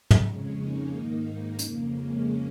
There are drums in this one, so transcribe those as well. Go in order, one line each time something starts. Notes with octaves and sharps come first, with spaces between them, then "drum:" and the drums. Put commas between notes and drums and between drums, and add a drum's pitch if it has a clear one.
drum: tom
F2 C#3 G#3 C#4
A#3 D#4
G#2 D#3 A#3 D#4
A#3
F2 C#3 A#3, drum: hi-hat
G#3 C#4